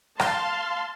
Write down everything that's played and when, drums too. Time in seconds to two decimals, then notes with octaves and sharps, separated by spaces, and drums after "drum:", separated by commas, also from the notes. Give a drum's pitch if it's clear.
0.20 F5 A5 C6, drum: rim click